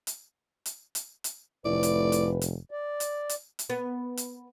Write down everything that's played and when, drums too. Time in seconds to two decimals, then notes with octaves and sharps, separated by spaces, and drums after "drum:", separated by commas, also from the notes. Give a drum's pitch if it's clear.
0.07 drum: hi-hat
0.66 drum: hi-hat
0.95 drum: hi-hat
1.24 drum: hi-hat
1.65 F1 A2 B4 D5
1.83 drum: hi-hat
2.12 drum: hi-hat
2.42 drum: hi-hat
2.71 D5
3.00 drum: hi-hat
3.29 drum: hi-hat
3.59 drum: hi-hat
3.70 B3
4.17 drum: hi-hat